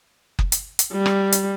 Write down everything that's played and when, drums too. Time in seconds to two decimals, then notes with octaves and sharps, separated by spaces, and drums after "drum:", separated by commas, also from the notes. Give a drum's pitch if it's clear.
0.39 drum: kick F#1
0.52 drum: hi-hat
0.79 drum: hi-hat
0.92 G3
1.06 drum: rim click
1.32 drum: hi-hat